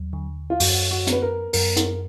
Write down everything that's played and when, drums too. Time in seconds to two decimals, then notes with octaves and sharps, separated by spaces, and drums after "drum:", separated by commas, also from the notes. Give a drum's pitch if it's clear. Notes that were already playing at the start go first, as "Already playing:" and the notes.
Already playing: D#2 F#3
0.13 D3
0.50 F4
0.60 F#2 F#4, drum: open hi-hat
0.91 F#4
1.07 B3, drum: hi-hat
1.12 B4
1.22 A#4
1.53 F#2 A#4, drum: open hi-hat
1.77 A#4, drum: hi-hat